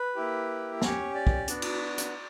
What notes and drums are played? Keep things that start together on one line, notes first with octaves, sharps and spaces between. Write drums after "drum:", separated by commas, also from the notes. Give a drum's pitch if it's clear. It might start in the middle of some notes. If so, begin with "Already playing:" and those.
Already playing: B4
A#3 E4 G4
C#4 G4 C#5, drum: snare
D5
drum: kick
B3 D4 F#4, drum: hi-hat
drum: cymbal
drum: hi-hat